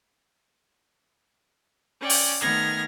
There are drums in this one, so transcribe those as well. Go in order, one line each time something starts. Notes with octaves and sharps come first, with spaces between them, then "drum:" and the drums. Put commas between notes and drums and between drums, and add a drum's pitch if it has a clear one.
C#4 D5 G5
drum: open hi-hat
D#3 A3 B3 F6 G#6 A#6